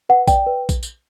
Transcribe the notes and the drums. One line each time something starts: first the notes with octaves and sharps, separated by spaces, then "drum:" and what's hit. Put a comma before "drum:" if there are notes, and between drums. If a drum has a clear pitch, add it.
B4 F#5
D5 G5, drum: kick A#1, tambourine
B4
drum: kick A#1, tambourine
drum: tambourine